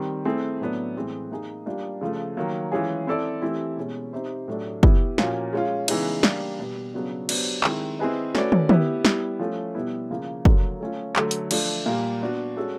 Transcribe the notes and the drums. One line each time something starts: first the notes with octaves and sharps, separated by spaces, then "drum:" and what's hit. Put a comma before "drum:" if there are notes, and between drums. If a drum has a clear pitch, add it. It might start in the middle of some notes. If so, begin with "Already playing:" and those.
Already playing: D#3 G3 C4
A3 C4 E4 G#4
A2 F#3 B3 D4
A2 E3 G#3 C4
A#3 D#4 G#4
G3 A#3 D4 F4
C#3 F3 A3
D#3 F#3 A#3
E3 G#3 C#4 F4 G#4
C4 E4 A4 D5
E3 A3 C4 E4 G4
B2 G#3 C#4
C4 D#4 G4 C5 E5
A2 F#3 A3 D4
B3 E4 G4, drum: kick
A#2 F3 A#3 C#4 F#4, drum: snare
G#3 C#4 F4
C#3 E3 G#3 B3 D#4, drum: cymbal
G3 A#3 D4 G4, drum: snare
B2 G3 B3
C#3 F#3 B3 D4 F#4
F#3 B3 D4 G4 C5, drum: cymbal
D#3 G#3 C4 E4, drum: clap
C4 E4 G#4 B4 D#5
A3 C#4 F#4 B4 D5, drum: snare
drum: tom
B3 E4 G4, drum: tom
G3 B3 E4, drum: snare
F3 A3 C#4
B2 G3 B3 E4
C#3 F3 A#3
D3 F#3 A#3, drum: kick
A3 C#4 F4
D3 F#3 A3, drum: clap
drum: hi-hat
F3 A3 D4, drum: cymbal
A#2 G3 A#3
B3 D4 F#4
G#3 C#4 F#4 A4 D5